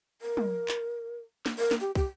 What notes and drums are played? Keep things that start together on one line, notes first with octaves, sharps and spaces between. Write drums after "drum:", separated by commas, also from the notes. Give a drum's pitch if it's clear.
A#4
drum: tom
drum: clap
drum: snare
A#4
drum: snare
G4
G4, drum: kick